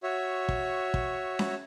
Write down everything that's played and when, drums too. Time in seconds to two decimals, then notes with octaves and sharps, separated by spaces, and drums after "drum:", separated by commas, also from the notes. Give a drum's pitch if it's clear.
0.03 F#4 C#5 E5
0.49 drum: kick
0.94 drum: kick
1.39 drum: snare C#4